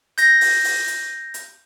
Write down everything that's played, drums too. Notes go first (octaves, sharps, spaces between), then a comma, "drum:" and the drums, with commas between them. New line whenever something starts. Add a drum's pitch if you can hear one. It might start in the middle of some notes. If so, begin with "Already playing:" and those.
G6 A#6, drum: hi-hat
drum: open hi-hat
drum: open hi-hat
drum: hi-hat
drum: hi-hat